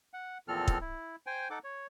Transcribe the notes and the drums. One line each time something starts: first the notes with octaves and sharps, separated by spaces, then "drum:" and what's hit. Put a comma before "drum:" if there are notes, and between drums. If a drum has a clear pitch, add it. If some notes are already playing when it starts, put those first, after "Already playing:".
F#5
E2 A#2 F3 C4 A4 F6
drum: kick
E4
C5 G5 G#5
D#4 A4 F#5 D6
C#5